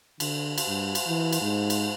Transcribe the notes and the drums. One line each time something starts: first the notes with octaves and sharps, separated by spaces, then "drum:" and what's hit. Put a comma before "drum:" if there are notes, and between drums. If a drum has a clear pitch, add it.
D3, drum: cymbal
drum: cymbal
G2
drum: cymbal
E3
drum: cymbal
G#2
drum: cymbal